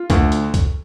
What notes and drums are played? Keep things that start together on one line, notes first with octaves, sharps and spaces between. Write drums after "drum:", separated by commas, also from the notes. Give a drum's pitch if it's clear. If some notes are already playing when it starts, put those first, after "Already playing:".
Already playing: F4
D2, drum: kick, hi-hat
drum: hi-hat
drum: kick, hi-hat